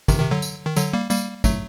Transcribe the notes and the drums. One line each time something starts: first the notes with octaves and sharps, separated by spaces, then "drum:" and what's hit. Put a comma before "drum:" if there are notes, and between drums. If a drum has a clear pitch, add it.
C3 D#3, drum: kick, tambourine
C3 D#3
D3 F#3
drum: tambourine
D#3
D3 F#3, drum: tambourine
G3 A#3
G3 A#3, drum: tambourine
F#3 A3, drum: kick, tambourine